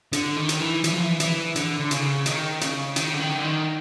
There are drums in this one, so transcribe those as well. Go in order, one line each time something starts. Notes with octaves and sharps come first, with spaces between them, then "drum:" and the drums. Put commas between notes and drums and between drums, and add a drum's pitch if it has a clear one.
D3, drum: hi-hat
D#3
drum: hi-hat
E3
E3, drum: hi-hat
F3
E3
E3, drum: hi-hat
D3, drum: hi-hat
D3
C#3, drum: hi-hat
D#3, drum: hi-hat
C#3, drum: hi-hat
D#3, drum: hi-hat
D3
D#3
D3
D#3